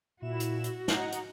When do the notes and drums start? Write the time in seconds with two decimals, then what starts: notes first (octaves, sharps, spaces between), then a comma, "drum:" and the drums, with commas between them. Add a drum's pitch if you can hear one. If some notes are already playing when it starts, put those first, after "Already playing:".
0.22 A#2 E4 F#4 E7
0.40 drum: hi-hat
0.64 drum: hi-hat
0.88 D#5 F#5 A#5, drum: snare
1.12 drum: hi-hat